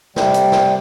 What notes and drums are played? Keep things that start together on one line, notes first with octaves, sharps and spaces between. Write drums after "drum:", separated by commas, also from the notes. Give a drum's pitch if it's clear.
C3 G3, drum: snare
drum: hi-hat
drum: snare